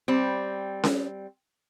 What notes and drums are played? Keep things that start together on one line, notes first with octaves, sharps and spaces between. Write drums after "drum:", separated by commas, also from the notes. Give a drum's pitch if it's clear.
G3 C4
drum: snare C#4